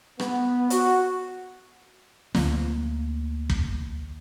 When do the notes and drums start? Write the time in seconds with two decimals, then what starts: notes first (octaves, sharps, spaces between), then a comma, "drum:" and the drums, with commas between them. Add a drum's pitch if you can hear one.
0.19 B3, drum: rim click
0.70 F#4, drum: hi-hat
2.35 D2 D3 A#3, drum: snare
3.50 drum: kick